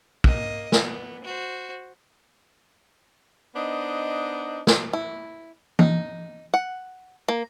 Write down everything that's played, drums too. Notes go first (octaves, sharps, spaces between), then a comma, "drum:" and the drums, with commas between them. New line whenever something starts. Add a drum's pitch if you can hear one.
A#3 D#5, drum: kick
B3, drum: snare
F#4 C5
B3 D4 D#4 C5 D#5
drum: snare
E4
D#4, drum: tom E3
F#5
A#3